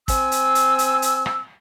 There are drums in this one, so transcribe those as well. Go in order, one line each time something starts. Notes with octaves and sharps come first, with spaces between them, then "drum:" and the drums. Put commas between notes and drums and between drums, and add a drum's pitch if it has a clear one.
C4 G#5 E6, drum: kick, hi-hat
drum: hi-hat
drum: hi-hat
drum: hi-hat
drum: hi-hat
drum: rim click